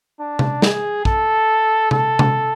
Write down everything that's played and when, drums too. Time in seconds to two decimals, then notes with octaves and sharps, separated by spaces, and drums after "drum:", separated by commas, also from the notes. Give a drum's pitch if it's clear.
0.19 D4
0.39 drum: tom C3
0.62 G#4, drum: snare
1.05 A4, drum: kick
1.91 A4, drum: tom C3
2.19 drum: tom C3